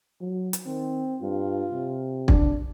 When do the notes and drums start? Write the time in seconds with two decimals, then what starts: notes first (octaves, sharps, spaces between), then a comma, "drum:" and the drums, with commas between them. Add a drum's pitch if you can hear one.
0.20 F#3
0.53 drum: hi-hat
0.66 D#3 C4
1.22 G2 F4
1.72 C3
2.28 D4, drum: kick